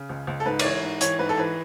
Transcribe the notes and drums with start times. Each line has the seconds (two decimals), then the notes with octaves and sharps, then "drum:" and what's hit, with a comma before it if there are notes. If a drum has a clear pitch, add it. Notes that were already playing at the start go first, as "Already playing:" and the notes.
Already playing: C#3
0.09 C#2
0.27 C#2
0.40 A4
0.46 G#2 B4
0.59 D5, drum: cymbal
0.64 E3 C#5
0.82 G#2
1.01 E3 C#5, drum: hi-hat
1.19 G#2 B4
1.29 A4
1.37 E3 B4